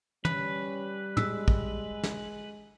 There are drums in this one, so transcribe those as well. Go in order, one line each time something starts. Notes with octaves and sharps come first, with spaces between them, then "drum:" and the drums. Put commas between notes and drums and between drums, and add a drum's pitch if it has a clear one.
G3 C#4 B4, drum: tom
G#3 E6 B6, drum: tom
drum: kick
drum: snare